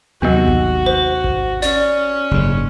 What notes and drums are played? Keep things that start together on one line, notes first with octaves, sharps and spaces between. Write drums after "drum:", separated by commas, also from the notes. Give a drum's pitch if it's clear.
D#2 C3 F#3 B3 F#4
drum: kick G#1
C5
drum: kick G#1
C#4 C#5 D5, drum: snare
F#1 G#2